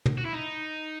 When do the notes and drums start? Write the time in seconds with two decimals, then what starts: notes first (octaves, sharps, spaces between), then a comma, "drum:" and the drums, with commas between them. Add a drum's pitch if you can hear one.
0.06 drum: tom
0.17 F#4
0.25 E4
0.33 D#4